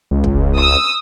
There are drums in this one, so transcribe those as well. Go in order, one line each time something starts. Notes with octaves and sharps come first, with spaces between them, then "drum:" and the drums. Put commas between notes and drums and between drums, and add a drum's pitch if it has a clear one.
C#2
drum: kick
D#6 E6